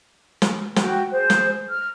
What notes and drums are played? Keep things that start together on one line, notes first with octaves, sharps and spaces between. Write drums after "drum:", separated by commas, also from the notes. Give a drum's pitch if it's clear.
drum: snare
F#4 G5, drum: snare
G#4 C5
drum: snare
F6